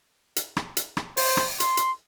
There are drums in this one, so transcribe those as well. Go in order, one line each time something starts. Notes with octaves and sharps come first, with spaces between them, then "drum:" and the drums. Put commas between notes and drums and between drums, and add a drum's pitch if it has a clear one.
drum: hi-hat
drum: rim click
drum: hi-hat
drum: rim click
C5, drum: open hi-hat
drum: rim click
C6, drum: hi-hat
drum: hi-hat